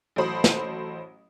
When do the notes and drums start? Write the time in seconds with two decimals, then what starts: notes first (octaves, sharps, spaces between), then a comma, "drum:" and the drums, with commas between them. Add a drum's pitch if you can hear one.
0.16 A1 F#3 A4 C5 B5 D#6
0.44 drum: snare